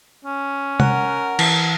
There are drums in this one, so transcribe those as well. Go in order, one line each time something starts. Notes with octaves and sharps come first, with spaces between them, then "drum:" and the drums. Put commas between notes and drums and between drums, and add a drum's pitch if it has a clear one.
C#4
A#4 F#5, drum: tom C3
E3 A5 B6, drum: cymbal